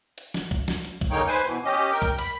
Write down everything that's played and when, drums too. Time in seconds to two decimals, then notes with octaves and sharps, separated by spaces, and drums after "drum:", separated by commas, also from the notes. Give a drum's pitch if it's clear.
0.18 drum: hi-hat
0.34 drum: snare
0.51 drum: kick, hi-hat
0.68 drum: snare
0.85 drum: hi-hat
1.01 drum: kick, hi-hat
1.11 D3 G#3 A#3 D#4 C#5 G5
1.28 B4 C5 G#5
1.45 B2 E3
1.64 C#4 G4 D#5
1.92 A#4 G5
2.02 drum: kick, hi-hat
2.19 B5, drum: hi-hat